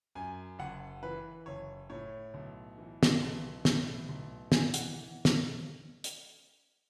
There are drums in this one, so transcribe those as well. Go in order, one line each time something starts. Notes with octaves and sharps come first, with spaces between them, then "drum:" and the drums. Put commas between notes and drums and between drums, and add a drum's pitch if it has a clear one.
F#2 G#5
F#1 F#5
E3 B4
F#1 C#5
A2 C#5
B1
E3
drum: snare
B1
A2, drum: snare
B1
E3 G#5, drum: snare
F#5, drum: hi-hat
drum: snare
drum: hi-hat